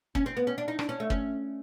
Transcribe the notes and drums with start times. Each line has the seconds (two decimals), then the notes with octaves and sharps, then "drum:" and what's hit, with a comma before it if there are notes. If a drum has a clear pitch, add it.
0.15 C#4, drum: kick
0.26 C4
0.37 B3
0.47 C#4
0.58 D4
0.68 D#4
0.79 D4, drum: rim click
0.89 C#4
1.00 A3
1.10 C#4, drum: kick